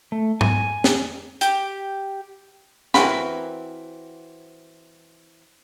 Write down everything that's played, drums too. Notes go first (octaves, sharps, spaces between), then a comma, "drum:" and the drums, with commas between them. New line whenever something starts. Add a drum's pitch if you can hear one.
A3
G#5, drum: tom G#2
drum: snare
G4, drum: hi-hat
E3 C4 F#4 A#4 B5, drum: snare